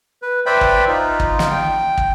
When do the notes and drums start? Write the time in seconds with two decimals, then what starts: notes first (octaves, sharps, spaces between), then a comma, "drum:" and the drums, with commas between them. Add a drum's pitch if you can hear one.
0.22 B4
0.46 B4 C5 D5 E5 G5 B5
0.61 drum: kick
0.87 D#4 F4
1.20 drum: kick
1.39 drum: snare
1.50 G5
1.98 drum: kick